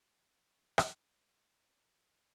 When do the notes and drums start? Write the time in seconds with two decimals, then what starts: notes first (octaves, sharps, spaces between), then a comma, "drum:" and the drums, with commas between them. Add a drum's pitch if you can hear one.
0.16 G5 F6
0.78 drum: rim click